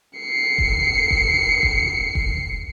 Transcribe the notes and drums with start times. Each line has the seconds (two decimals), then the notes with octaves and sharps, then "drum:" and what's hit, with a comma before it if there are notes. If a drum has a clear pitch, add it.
0.19 C7 C#7
0.58 drum: kick F1
1.11 drum: kick F1
1.63 drum: kick F1
2.15 drum: kick F1